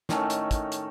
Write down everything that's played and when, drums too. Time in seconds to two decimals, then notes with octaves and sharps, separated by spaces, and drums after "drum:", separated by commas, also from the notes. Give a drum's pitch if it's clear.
0.09 A2 D#3 A3 C#4, drum: snare
0.30 drum: hi-hat
0.51 drum: kick, hi-hat
0.72 drum: hi-hat